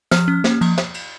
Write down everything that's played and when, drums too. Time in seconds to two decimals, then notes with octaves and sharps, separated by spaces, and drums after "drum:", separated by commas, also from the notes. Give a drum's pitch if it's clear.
0.11 F3 F6, drum: snare
0.28 C#4
0.44 A#3, drum: snare
0.61 F3, drum: cymbal
0.78 drum: snare
0.94 drum: cymbal